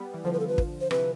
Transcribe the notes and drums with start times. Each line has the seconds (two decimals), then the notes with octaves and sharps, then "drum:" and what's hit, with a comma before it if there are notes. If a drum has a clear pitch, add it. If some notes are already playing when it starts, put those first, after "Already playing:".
Already playing: G3 B3
0.14 E3 G3
0.25 D3 F3 C5
0.33 B4
0.40 A4
0.48 B4
0.58 drum: kick
0.81 C5
0.91 C3 E3 B4, drum: rim click